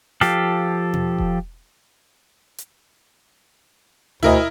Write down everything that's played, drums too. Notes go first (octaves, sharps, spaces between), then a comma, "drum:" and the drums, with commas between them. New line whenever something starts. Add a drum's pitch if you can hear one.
F3 G4 A4 F5, drum: snare
drum: tom
drum: kick E1
drum: hi-hat
D2 E4 A#4 D#5, drum: tom